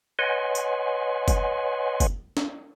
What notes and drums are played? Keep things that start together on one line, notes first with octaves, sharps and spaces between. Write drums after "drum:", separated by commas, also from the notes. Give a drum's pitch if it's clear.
B4 C#5 D#5 F#5 G#5 C6
drum: tambourine
drum: kick F#1, tambourine
drum: kick F#1, tambourine
drum: snare